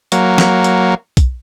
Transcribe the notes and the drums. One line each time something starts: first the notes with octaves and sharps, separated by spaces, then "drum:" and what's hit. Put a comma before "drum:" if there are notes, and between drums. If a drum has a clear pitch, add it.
F#3 A#3, drum: hi-hat
drum: snare
drum: hi-hat
drum: kick B1, hi-hat